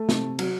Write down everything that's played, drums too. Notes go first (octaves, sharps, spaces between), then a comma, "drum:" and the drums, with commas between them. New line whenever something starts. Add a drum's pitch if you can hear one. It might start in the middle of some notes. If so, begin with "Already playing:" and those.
Already playing: A3
C3, drum: snare
F#3, drum: cymbal